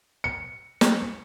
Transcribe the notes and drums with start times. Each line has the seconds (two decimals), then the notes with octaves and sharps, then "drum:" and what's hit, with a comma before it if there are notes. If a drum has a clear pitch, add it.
0.24 C#7
0.81 drum: snare